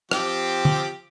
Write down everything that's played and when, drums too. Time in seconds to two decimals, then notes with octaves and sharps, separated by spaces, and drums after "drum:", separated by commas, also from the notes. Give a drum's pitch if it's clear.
0.11 F3 C4 G4, drum: rim click
0.65 drum: tom